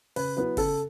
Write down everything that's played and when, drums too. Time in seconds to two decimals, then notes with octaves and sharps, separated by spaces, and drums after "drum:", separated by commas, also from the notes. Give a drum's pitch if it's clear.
0.16 C#3 B4, drum: open hi-hat
0.36 F#3 B3 E4 B4
0.57 C#3 A4, drum: kick F#1, open hi-hat